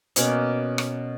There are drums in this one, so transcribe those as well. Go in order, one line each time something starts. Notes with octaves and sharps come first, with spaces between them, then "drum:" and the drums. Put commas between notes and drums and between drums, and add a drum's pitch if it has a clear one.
B2 A#3 C#4 D5, drum: hi-hat
drum: rim click